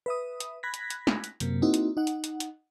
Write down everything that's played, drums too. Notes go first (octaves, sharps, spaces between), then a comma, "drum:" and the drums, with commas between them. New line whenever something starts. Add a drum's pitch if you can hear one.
B4 E5 D#6
drum: hi-hat
B5 F#6 G#6 A#6 B6
drum: hi-hat
drum: hi-hat
drum: snare
drum: hi-hat
F#2 C3 A#3, drum: hi-hat
A#3 C4 D#4 E4 F#4
drum: hi-hat
D#4 F#5
drum: hi-hat
drum: hi-hat
drum: hi-hat